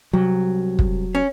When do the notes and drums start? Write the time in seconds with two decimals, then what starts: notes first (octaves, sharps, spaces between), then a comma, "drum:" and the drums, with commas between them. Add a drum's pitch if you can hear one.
0.13 C2 F#3
0.79 drum: kick
1.15 C#4